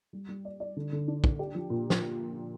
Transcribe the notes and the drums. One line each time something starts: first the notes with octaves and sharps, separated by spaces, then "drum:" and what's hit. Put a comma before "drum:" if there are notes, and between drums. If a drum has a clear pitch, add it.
G3
G3
D5
D5
D3
D3
D4
D4, drum: kick
G4
F3
A#2
drum: snare